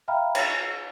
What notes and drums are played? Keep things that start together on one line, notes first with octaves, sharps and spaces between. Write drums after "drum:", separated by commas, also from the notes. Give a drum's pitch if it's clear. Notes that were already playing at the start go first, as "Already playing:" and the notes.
E5 F5 G5 A#5 B5 F6
C#5 A6, drum: cymbal